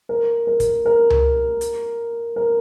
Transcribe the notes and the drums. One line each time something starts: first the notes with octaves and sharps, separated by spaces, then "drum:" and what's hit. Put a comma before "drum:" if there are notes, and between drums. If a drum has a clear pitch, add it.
A#4
A#4
drum: kick, hi-hat
A#4
drum: tom C#2
drum: hi-hat
A#4